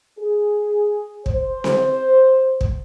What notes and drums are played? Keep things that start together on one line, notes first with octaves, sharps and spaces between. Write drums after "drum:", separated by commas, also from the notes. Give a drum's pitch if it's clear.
G#4
C5, drum: kick
drum: snare C4
drum: kick